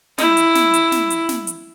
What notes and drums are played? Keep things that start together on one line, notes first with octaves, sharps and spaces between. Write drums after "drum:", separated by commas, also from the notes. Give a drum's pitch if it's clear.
E4, drum: snare
drum: hi-hat
drum: snare
drum: hi-hat
drum: snare
drum: hi-hat
drum: snare
drum: hi-hat